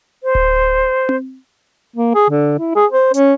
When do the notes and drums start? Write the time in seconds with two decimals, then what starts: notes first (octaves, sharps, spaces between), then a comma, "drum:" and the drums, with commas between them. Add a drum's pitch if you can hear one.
0.23 C5
0.35 drum: kick D1
1.09 drum: tom C4
1.96 A#3
2.15 G#4
2.30 D3
2.59 E4
2.75 G#4
2.91 C5
3.14 C#4, drum: hi-hat